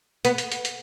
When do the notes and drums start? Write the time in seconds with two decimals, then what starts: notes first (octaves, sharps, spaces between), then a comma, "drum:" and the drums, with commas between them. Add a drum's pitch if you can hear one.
0.25 B3, drum: hi-hat
0.38 drum: hi-hat
0.52 drum: hi-hat
0.65 drum: hi-hat